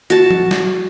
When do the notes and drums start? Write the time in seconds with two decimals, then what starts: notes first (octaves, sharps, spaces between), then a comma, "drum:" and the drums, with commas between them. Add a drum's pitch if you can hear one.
0.10 F#4 A5, drum: hi-hat
0.31 drum: tom F3
0.51 drum: snare